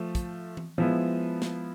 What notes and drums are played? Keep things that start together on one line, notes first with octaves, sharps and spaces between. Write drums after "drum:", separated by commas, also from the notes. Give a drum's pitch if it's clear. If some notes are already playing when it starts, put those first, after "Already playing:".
Already playing: F3 A3
drum: kick, hi-hat
drum: tom E3
F3 G#3 B3 E4
drum: snare